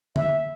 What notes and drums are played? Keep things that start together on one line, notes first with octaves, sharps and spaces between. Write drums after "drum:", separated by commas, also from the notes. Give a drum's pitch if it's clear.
E5, drum: tom D3